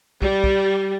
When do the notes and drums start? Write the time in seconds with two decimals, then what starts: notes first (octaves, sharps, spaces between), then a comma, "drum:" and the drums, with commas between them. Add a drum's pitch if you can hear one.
0.22 G3, drum: kick
0.44 drum: kick